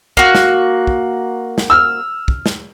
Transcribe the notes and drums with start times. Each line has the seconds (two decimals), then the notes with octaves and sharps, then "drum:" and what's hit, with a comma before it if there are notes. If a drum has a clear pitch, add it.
0.17 A#3 F#4, drum: kick
0.35 drum: snare
0.87 drum: kick
1.58 drum: snare
1.70 E6 F6
2.28 drum: kick
2.46 drum: snare